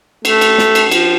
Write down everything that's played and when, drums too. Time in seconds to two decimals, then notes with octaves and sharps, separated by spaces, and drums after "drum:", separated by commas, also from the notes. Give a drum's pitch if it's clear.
0.25 A3, drum: cymbal
0.41 drum: cymbal
0.58 drum: snare
0.75 drum: cymbal
0.91 F3, drum: cymbal